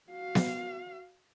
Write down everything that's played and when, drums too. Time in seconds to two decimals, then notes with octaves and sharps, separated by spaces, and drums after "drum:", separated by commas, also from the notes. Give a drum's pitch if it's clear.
0.10 F#4 F5
0.35 drum: snare B3